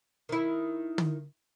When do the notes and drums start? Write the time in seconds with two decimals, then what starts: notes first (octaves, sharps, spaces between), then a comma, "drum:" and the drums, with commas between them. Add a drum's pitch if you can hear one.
0.29 D#3 E4
0.98 drum: tom